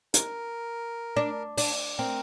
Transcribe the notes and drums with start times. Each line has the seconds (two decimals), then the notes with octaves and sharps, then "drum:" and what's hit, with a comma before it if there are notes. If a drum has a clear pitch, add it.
0.14 A#4, drum: hi-hat
1.17 D4
1.58 D4, drum: open hi-hat
1.98 C4 A#4